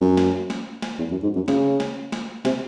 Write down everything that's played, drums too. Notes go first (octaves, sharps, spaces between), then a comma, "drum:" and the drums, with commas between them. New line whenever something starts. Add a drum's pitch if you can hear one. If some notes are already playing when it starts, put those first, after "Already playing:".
F#2
drum: snare
drum: snare
drum: snare
E2
F#2
G#2
F#2
C#3, drum: snare
drum: snare
drum: snare
C3, drum: snare